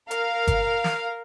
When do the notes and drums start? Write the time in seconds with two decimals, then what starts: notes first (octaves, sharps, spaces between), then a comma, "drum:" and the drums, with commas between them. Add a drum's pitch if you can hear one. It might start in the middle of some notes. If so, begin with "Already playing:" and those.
0.11 A#4 F5, drum: hi-hat
0.47 drum: kick G1, hi-hat
0.84 drum: snare